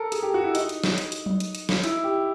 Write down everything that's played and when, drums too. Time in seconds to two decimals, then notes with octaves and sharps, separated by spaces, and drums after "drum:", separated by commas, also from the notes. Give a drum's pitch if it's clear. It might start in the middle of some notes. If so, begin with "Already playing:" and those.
Already playing: A4 A#4
0.12 G#4, drum: hi-hat
0.23 G4
0.34 F#4
0.44 E4
0.55 D#4, drum: hi-hat
0.69 drum: hi-hat
0.84 drum: snare
0.98 drum: hi-hat
1.12 drum: hi-hat
1.26 drum: tom F#3
1.40 drum: hi-hat
1.55 drum: hi-hat
1.69 drum: snare
1.84 E4, drum: hi-hat
2.04 G4